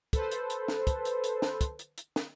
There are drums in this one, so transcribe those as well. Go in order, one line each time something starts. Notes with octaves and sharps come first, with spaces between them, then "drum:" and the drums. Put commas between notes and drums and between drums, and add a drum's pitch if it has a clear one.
A4 B4 C5, drum: kick, hi-hat
drum: hi-hat
drum: hi-hat
drum: snare
drum: kick, hi-hat
drum: hi-hat
drum: hi-hat
drum: snare
drum: kick, hi-hat
drum: hi-hat
drum: hi-hat
drum: snare